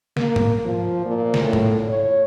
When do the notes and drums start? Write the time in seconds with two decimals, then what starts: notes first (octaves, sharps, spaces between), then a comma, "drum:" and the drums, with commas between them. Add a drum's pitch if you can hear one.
0.17 A#3, drum: snare
0.36 drum: tom G#2
0.65 F3
1.05 A#2
1.34 drum: snare
1.43 A2
1.53 drum: tom G#2
1.89 C#5